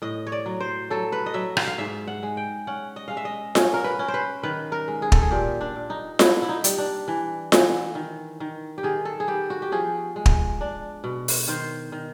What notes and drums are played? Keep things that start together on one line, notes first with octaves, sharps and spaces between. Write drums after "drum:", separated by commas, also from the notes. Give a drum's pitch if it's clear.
A2 D#5
C#5
D5
F#3
C5
F#3 A4
B4
D#5
F#3 E5
F5, drum: rim click
F5
G#2 E5
F#5
G#3
G5
C#4 F#5
D#5
G#3 F5
E5
D#5
C#4 C#5, drum: snare F4
A#4
B4
C#4
C5
B4
D#3 B4
A#4
G#3
G#4
A4, drum: kick
G#4
A#2 G4
D4
A#2
D#4
D4 E4, drum: snare F4
E4
D#4
G3, drum: hi-hat
D4
E3
E3, drum: snare F4
D#3
D#3
G4
D#3 G#4
A4
G#4
B3 G4
F#4
G4
F3 G#4
G#3
drum: kick
D4
B2
drum: open hi-hat
D#3 C5
D#3